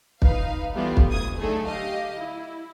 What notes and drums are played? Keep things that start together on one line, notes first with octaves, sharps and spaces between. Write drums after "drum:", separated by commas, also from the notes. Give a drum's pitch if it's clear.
D#4 B4 F5, drum: kick
E3 G3 A3 B3 F4
drum: kick
D2 D#6 G#6
D3 F#3 A3 D#4 G#4 A4
G4 D#5 F5
E4